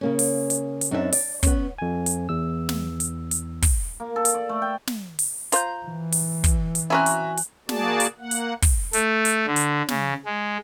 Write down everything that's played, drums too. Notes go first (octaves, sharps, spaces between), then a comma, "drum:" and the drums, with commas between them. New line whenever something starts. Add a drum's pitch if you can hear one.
C#3 A#3 C#4
drum: open hi-hat
drum: hi-hat
drum: hi-hat
F#2 C4 D4 D#4 F#4 E5
D5, drum: open hi-hat
B3 C#4, drum: kick, hi-hat
F2 G#5
drum: hi-hat
E2 E6
drum: snare
drum: hi-hat
drum: hi-hat
drum: kick, open hi-hat
A#3
A4
drum: hi-hat
D5
A3
G5
drum: snare
drum: open hi-hat
F4 C5 A#5 G6, drum: hi-hat
E3
drum: open hi-hat
drum: kick, hi-hat
drum: hi-hat
C4 C#4 E4 F#4 E5 G#5 A#5 F#6
drum: hi-hat
drum: hi-hat
A#3 F#4 G#4 D5 A5, drum: snare
drum: hi-hat
A#3 F#5
drum: hi-hat
drum: kick, open hi-hat
A3, drum: hi-hat
drum: hi-hat
D3
drum: hi-hat
C#3, drum: snare
G#3